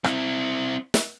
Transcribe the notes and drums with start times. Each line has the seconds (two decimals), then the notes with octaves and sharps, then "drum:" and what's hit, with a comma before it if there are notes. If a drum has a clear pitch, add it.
0.04 C4 E4, drum: rim click
0.94 drum: snare